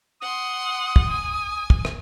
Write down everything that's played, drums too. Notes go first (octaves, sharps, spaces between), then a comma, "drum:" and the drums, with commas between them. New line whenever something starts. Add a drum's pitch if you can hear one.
F#5 C6 D#6
drum: kick
G#5
drum: kick
drum: rim click